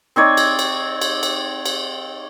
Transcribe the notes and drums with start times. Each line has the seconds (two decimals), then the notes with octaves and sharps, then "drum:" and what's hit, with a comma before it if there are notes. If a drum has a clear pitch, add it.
0.16 C4 D#4 C#5 D5
0.37 drum: cymbal
0.59 drum: cymbal
1.01 drum: cymbal
1.23 drum: cymbal
1.66 drum: cymbal